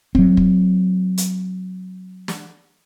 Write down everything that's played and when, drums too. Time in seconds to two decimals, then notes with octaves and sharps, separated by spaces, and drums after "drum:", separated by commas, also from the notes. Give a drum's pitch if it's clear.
0.15 F#3 C4, drum: kick
0.37 drum: kick
1.18 drum: hi-hat
2.28 drum: snare